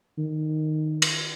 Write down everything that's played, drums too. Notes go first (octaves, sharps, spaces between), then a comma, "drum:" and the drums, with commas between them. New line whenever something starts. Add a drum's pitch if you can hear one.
D#3
drum: cymbal